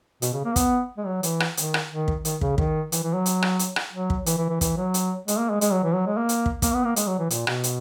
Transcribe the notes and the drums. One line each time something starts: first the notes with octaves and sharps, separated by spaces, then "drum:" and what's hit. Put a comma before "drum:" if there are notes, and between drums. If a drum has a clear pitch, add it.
B2, drum: hi-hat
C#3
A#3
B3, drum: kick, hi-hat
G#3
F#3
E3, drum: hi-hat
drum: rim click
D#3, drum: hi-hat
drum: rim click
D#3
drum: kick
D#3, drum: hi-hat
C#3, drum: kick
D#3, drum: kick
E3, drum: hi-hat
E3
F#3
drum: hi-hat
drum: rim click
drum: hi-hat
drum: rim click
F#3
drum: kick
E3, drum: hi-hat
E3
E3
E3, drum: kick, hi-hat
F#3
drum: hi-hat
G#3, drum: hi-hat
A#3
G#3
G#3, drum: hi-hat
F#3
E3
F#3
G#3
A#3
drum: hi-hat
drum: kick
A#3, drum: kick, hi-hat
B3
A#3
G#3, drum: hi-hat
F#3
E3
A#2, drum: hi-hat
B2, drum: rim click
drum: hi-hat